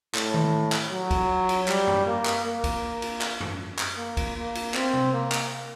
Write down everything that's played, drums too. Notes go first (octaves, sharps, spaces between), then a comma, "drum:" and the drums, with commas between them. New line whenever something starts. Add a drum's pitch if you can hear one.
A2, drum: clap
drum: tom D#3
drum: clap
F#3
drum: kick, cymbal
drum: cymbal
G3, drum: clap
drum: tom F#2
A#3
drum: clap
A#3
drum: kick, cymbal
drum: cymbal
drum: clap
drum: tom F#2
drum: clap
A#3
drum: kick, cymbal
A#3
drum: cymbal
C4, drum: clap
drum: tom C3
A#3
drum: clap